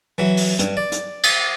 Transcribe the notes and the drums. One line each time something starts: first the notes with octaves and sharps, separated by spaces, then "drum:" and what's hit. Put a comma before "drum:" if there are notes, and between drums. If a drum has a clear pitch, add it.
E3 F#3
drum: open hi-hat
G2, drum: hi-hat
D5
drum: hi-hat
drum: cymbal